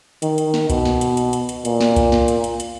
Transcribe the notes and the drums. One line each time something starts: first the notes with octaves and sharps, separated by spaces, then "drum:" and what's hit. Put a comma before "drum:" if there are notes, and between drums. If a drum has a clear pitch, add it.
D#3, drum: hi-hat
drum: hi-hat
drum: snare
B2, drum: kick C2, hi-hat
drum: snare
drum: hi-hat
drum: hi-hat
drum: hi-hat
drum: hi-hat
A#2, drum: hi-hat
drum: snare
drum: kick C2, hi-hat
drum: snare
drum: hi-hat
drum: hi-hat
drum: hi-hat